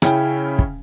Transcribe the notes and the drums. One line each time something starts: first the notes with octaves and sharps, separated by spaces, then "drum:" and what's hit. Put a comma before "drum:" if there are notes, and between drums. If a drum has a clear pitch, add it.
C#3 C#4 E4 G5, drum: rim click
drum: kick